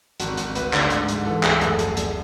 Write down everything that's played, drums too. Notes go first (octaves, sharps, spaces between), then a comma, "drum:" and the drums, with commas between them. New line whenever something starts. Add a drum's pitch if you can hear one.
G#1 F#4, drum: hi-hat
G#1, drum: hi-hat
D2 B4, drum: hi-hat
D3, drum: clap
G#2, drum: hi-hat
G#2, drum: hi-hat
E3 A4
D2 G#4, drum: clap
F#1 A4, drum: hi-hat
F#2, drum: hi-hat
G#4
D2 A4, drum: hi-hat